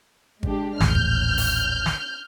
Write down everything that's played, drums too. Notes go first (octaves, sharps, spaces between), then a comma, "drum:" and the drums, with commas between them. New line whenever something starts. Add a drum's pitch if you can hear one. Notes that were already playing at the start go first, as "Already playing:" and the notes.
G#3 D4 G4, drum: kick G#1
D#1 A1 F6 G6, drum: snare
drum: kick G#1
drum: open hi-hat
drum: snare